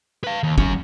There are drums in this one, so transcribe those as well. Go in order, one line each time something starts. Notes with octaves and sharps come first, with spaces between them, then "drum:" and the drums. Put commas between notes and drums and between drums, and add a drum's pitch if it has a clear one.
B4 F5
D#2
F#3 C#4, drum: kick